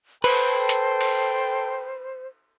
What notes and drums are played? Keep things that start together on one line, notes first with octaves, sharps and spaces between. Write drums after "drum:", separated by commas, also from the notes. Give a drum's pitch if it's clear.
A4 B4 C5 G5, drum: cymbal
drum: hi-hat
drum: cymbal